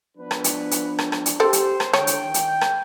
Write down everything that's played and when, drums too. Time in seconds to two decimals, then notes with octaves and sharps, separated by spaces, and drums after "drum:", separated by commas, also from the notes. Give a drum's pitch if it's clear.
0.17 F3 B3 D4 B4
0.31 drum: rim click
0.44 drum: hi-hat
0.71 drum: hi-hat
0.99 drum: rim click
1.12 drum: rim click
1.26 drum: hi-hat
1.40 C4 G4 A4 C5
1.53 drum: hi-hat
1.80 drum: rim click
1.94 D3 C#5 G5, drum: rim click
2.07 drum: hi-hat
2.25 D#3
2.34 drum: hi-hat
2.61 drum: rim click